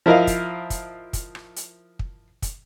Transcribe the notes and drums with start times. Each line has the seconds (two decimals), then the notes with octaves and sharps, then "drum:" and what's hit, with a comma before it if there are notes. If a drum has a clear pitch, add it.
0.06 F3 E4 A#4 D#5 F5
0.27 drum: kick, hi-hat
0.70 drum: kick, hi-hat
1.13 drum: kick, hi-hat
1.35 drum: rim click
1.56 drum: hi-hat
1.99 drum: kick
2.42 drum: kick, hi-hat